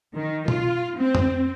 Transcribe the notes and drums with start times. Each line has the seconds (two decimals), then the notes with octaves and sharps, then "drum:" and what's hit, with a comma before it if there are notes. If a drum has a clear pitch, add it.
0.17 D#3
0.48 F4, drum: tom B2
0.98 C4
1.15 drum: tom